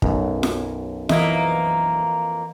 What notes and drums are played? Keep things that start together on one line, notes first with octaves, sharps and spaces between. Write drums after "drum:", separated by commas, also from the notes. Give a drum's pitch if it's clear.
B1 F#2, drum: kick
drum: snare
F2 E3 A#3 D#5 E5, drum: snare